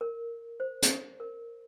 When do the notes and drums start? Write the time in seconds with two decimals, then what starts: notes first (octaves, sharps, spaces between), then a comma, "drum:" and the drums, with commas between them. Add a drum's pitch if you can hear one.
0.01 A#4
0.60 C5
0.82 drum: hi-hat
1.20 A#4